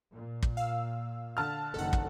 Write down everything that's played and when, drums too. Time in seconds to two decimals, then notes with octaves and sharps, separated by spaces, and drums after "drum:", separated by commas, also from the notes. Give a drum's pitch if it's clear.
0.11 A#2
0.43 drum: kick
0.57 F5 E6
1.37 D3 A5 F6
1.74 F#1 D#3 A4 F#5
1.93 drum: kick